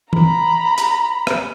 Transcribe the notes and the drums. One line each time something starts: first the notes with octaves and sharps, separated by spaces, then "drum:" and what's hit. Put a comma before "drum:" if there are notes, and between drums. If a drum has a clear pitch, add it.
A#5 B5, drum: tom
drum: hi-hat
drum: rim click